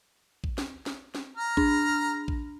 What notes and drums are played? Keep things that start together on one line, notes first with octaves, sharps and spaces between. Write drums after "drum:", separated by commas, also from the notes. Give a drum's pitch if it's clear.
drum: kick
drum: snare
drum: snare
drum: snare
A#5 F6
D4, drum: kick
drum: kick